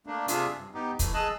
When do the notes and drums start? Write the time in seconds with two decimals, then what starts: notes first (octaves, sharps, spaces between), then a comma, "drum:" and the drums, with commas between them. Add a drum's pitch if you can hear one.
0.06 A3 A#3 D4
0.28 C3 D4 F4 G#4 E5, drum: hi-hat
0.57 G2
0.74 B3 D#4 G4
0.99 E3 A3, drum: kick, hi-hat
1.14 G#4 D#5 A5 E6 F#6